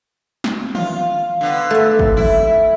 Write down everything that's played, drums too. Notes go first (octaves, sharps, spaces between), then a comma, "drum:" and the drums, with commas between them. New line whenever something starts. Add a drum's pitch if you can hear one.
drum: snare
F4, drum: tom D#3
D3 B3
A3 E5
drum: kick
E4, drum: tom D#3